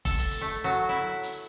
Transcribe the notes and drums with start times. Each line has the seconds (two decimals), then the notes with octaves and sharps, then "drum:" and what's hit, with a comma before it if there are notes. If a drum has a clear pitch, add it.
0.05 A4, drum: kick F1, hi-hat
0.18 drum: hi-hat
0.31 drum: hi-hat
0.41 A3
0.64 F#3
0.89 E4
1.23 drum: hi-hat